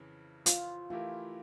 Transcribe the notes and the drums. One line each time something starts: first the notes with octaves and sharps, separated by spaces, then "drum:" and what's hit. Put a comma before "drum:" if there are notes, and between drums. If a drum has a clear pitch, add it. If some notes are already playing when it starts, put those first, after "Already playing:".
Already playing: F2 C#3 E3
F4, drum: hi-hat
E3 A3 E4 F4 G4 A#4